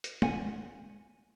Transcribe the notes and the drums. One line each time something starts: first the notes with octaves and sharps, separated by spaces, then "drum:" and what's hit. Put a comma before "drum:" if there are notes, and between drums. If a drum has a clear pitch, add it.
drum: hi-hat
F#5 G#5, drum: tom